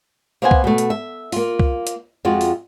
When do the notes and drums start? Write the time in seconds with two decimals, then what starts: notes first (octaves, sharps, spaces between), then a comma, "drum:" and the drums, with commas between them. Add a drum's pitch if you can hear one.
0.42 A#3 B3 C5 F#5 G#5
0.51 drum: kick C2
0.64 B2 A3
0.78 drum: hi-hat
0.90 E5
1.32 A#3 F4, drum: open hi-hat
1.60 drum: kick C2
1.87 drum: hi-hat
2.25 F2 G#3 F4 F#4
2.41 drum: open hi-hat